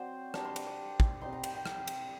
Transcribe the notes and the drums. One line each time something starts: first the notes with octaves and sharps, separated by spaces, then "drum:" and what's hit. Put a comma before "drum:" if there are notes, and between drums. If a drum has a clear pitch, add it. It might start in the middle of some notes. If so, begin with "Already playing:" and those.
Already playing: F#3 C4 C5 D5
G3 D4 A#5, drum: rim click
C6
D6, drum: cymbal
D6
drum: kick
G3 C4 D#4 C6
A#5
G5, drum: cymbal
G5
drum: rim click
drum: cymbal